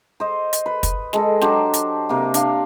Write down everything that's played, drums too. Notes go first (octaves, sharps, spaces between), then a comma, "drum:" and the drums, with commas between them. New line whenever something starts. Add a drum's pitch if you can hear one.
C5 D#5
drum: hi-hat
B4
drum: kick, hi-hat
G#3 A4 D#5, drum: snare
F#3 D4 G4 C5, drum: snare
drum: hi-hat
C3 A#3
D4 F5, drum: hi-hat